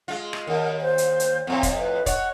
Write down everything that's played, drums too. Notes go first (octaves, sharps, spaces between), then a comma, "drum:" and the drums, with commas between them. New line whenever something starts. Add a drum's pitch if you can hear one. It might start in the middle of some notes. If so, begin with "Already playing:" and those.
G#3 F4
drum: rim click
D#2 A#4
C5
drum: hi-hat
drum: hi-hat
F2 A2 C4
drum: kick, hi-hat
B4
C#5 F#5, drum: kick, hi-hat